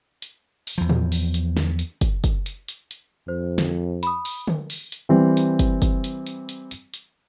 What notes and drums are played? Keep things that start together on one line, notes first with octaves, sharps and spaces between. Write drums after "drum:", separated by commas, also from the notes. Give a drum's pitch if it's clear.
drum: hi-hat
drum: open hi-hat
E2 F3
drum: tom A2
drum: open hi-hat
drum: hi-hat
drum: snare
drum: hi-hat
drum: kick, hi-hat
drum: kick, hi-hat
drum: hi-hat
drum: hi-hat
drum: hi-hat
F2 C5
drum: snare
B5 D#6, drum: hi-hat
drum: open hi-hat
drum: tom
drum: open hi-hat
drum: hi-hat
E3 G3 C4
drum: hi-hat
drum: kick, hi-hat
drum: kick, hi-hat
drum: hi-hat
drum: hi-hat
drum: hi-hat
drum: hi-hat
drum: hi-hat